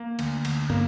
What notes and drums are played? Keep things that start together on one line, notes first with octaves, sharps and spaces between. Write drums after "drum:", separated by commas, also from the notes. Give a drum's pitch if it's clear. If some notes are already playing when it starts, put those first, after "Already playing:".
Already playing: A#3
D2, drum: cymbal
D2, drum: cymbal
A#3, drum: tom